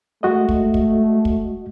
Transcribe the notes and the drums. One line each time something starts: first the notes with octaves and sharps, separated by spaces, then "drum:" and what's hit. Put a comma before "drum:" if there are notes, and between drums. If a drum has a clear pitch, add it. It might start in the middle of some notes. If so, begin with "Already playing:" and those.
G#3 A3 F#4 D#5
drum: kick
drum: kick
drum: kick